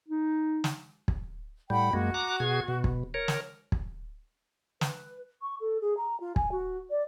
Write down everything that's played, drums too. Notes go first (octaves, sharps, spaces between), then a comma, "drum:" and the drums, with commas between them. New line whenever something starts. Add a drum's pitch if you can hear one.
D#4
drum: snare
drum: kick
A2 G3 F#5 G5 B5
F#2 G#3 A#3 F#4
A#5 D6 F#6
B2 G#4 G#6
B2
drum: kick
A#4 C#5
drum: snare
drum: kick
B4, drum: snare
C#6
A4
G#4
A#5
F4
G#5, drum: kick
F#4
D5